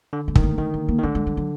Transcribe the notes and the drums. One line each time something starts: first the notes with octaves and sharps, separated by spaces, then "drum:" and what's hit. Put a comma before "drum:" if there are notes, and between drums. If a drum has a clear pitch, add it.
D3
A3
D#3, drum: kick
A3
D#3 A3
A#3
A#3
D#3
D3 A3
G#3
G3
F#3